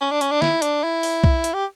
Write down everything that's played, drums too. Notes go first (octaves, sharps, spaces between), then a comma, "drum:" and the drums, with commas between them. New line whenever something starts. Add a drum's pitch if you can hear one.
C#4
D4
C#4, drum: hi-hat
D4
E4, drum: snare
D4, drum: hi-hat
E4
drum: open hi-hat
drum: kick B1
drum: hi-hat
G4